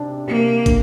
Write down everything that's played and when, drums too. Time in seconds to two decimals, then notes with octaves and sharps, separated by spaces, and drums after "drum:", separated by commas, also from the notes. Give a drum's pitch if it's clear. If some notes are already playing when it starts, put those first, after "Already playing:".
Already playing: C3 D4
0.27 C3 A#3
0.66 D3, drum: kick, hi-hat